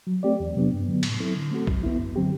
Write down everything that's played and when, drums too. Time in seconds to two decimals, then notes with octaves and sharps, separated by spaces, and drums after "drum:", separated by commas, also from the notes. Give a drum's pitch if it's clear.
0.07 F#3
0.23 A3 C4 G4 D5
0.40 E2
0.56 C3 F#3 B3 D4
0.72 G2
0.88 D3 F#3 B3
1.03 A2, drum: cymbal
1.20 F#3 C4 E4 A4
1.36 D3
1.51 A3 C4 F#4 A4
1.67 F#3, drum: kick
1.83 B3 E4
1.99 F#2
2.16 D3 F#3 C4 G4